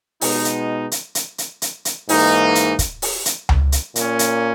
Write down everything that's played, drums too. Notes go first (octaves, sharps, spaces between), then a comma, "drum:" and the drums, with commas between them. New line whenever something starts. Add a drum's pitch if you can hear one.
B2 G#3 B3 D#4, drum: open hi-hat
drum: hi-hat
drum: hi-hat
drum: hi-hat
drum: hi-hat
drum: hi-hat
drum: hi-hat
G#2 E3 A#3 D#4, drum: open hi-hat
drum: hi-hat
drum: kick, hi-hat
drum: open hi-hat
drum: hi-hat
drum: tom C#2
drum: hi-hat
A#2 A#3 C#4, drum: hi-hat
drum: hi-hat